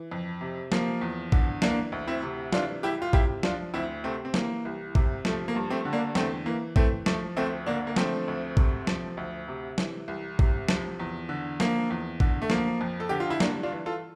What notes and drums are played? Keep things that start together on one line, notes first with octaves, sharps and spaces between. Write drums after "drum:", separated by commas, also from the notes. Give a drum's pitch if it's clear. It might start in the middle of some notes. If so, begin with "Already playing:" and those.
Already playing: E3
F2
C3
F3 A#3, drum: snare
E2
D3, drum: kick A1
E3 A#3 D4, drum: snare
D2
C4 E4
C3
E3 D4 F4, drum: snare
C2 E4 G4
F4
C3 E4 G4, drum: kick A1
F3 D4 F4, drum: snare
D2 C4 E4
C3 A3 C4
C4
E3 A#3, drum: snare
C2
C3, drum: kick A1
F3 A3, drum: snare
A#3
G2
A3 C4
D3
A#3 D4
E2 A3 C4, drum: snare
E3 A#3
E3 A3 C4, drum: kick A1
F3 A3, drum: snare
D2 A3 C4
D3 A#3 D4
A#3
F3 A3 C4, drum: snare
D2
C3, drum: kick A1
F3, drum: snare
D2
C3
E3, drum: snare
C2
C3, drum: kick A1
F3, drum: snare
E2
D3
F3 A#3, drum: snare
E2
D3, drum: kick A1
A3
F3 A#3, drum: snare
F2
A4
D3 G4
F4
E4
G2 A#3 D4, drum: snare
D4 F4
E3
F4 A4